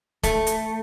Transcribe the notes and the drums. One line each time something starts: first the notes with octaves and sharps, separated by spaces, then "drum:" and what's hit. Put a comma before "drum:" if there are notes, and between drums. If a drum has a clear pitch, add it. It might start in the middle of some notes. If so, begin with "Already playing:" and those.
A3, drum: kick, hi-hat
drum: hi-hat